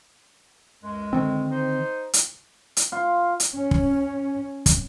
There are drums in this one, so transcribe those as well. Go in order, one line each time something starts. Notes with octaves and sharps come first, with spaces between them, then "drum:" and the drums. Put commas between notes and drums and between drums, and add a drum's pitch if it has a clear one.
C#2 F#2 G#3
D3 D#3 C4
D#4 C5
drum: hi-hat
drum: hi-hat
F4
drum: hi-hat
C#4
drum: kick
drum: kick, hi-hat